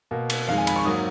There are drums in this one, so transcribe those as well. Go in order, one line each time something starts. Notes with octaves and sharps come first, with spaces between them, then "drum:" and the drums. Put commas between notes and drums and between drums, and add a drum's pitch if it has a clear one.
B2 A#3
drum: cymbal
F2 D#3 G#3 F5
G#5
B5, drum: cymbal
C#6
G#2 F#3 A#3 D#6